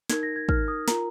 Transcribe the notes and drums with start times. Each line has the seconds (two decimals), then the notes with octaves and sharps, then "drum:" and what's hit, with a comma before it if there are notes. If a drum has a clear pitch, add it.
0.10 D#4 A#4 G#6, drum: snare
0.23 A#6
0.36 G#6
0.49 D#4 A#4 F6, drum: kick
0.68 D#6
0.88 F4 A#4 A#5, drum: snare